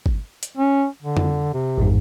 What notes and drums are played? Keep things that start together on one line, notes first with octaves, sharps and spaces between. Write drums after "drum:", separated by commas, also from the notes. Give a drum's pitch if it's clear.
drum: kick G#1
drum: hi-hat
C#4
D3
drum: tom
C3
A1 F2 G#2